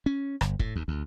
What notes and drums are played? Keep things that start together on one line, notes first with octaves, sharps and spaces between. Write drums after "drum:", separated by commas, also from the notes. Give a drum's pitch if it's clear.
C#4
G1, drum: rim click
A2, drum: kick
D#2
D2